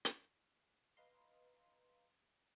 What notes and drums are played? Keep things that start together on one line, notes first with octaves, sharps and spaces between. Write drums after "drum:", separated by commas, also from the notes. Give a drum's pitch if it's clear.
drum: hi-hat
B4 D#5 F5 A#5 C6